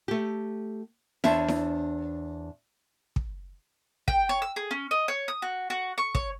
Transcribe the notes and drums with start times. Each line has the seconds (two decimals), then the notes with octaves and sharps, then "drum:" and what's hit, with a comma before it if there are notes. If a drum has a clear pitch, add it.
0.08 A3 G4
1.24 E2 D4 C5 C#5 E5, drum: snare E4
1.48 drum: snare E4
3.16 drum: kick
4.08 G5, drum: kick
4.29 C#5
4.42 E6
4.56 G#4
4.71 C#4
4.91 D#5
5.08 C#5
5.28 D#6
5.42 F#4
5.70 F#4
5.98 C#6
6.15 C#5, drum: kick